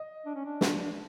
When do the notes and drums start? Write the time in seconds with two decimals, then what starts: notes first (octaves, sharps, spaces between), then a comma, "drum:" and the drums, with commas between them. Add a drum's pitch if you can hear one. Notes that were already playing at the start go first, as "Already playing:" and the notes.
Already playing: D#5
0.26 D4
0.35 C#4
0.45 D4
0.61 drum: snare